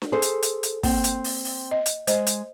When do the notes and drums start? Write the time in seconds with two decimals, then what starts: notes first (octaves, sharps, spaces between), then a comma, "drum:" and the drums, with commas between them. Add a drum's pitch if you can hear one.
0.02 drum: snare D4
0.12 G#4 A4 C5
0.22 drum: hi-hat
0.42 drum: hi-hat
0.63 drum: hi-hat
0.83 A#3 C4, drum: kick, open hi-hat
1.04 drum: hi-hat
1.24 drum: open hi-hat
1.45 drum: open hi-hat
1.71 D#5
1.86 drum: hi-hat
2.07 G#3 C5 D#5, drum: hi-hat
2.27 drum: hi-hat